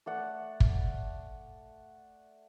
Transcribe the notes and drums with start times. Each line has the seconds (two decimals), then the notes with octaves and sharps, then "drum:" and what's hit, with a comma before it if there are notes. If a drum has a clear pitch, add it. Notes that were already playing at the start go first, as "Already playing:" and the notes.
0.06 A3 D5 F#5
0.60 drum: kick